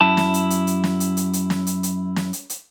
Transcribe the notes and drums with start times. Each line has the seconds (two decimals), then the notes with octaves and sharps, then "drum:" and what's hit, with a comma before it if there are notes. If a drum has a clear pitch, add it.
0.01 F#2 E4 A5
0.17 drum: snare
0.34 drum: hi-hat
0.50 drum: hi-hat
0.67 drum: hi-hat
0.84 drum: snare
1.00 drum: hi-hat
1.17 drum: hi-hat
1.33 drum: hi-hat
1.50 drum: snare
1.67 drum: hi-hat
1.83 drum: hi-hat
2.16 drum: snare
2.33 drum: hi-hat
2.50 drum: hi-hat